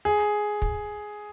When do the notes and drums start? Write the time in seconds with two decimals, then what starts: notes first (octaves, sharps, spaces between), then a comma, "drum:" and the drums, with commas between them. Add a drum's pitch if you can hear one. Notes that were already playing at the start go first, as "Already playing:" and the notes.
0.05 G#4
0.62 drum: kick